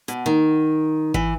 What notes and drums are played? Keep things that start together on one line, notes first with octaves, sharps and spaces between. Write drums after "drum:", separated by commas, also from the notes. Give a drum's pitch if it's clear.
B2, drum: hi-hat
D#3, drum: tom A#3
E3, drum: kick G#1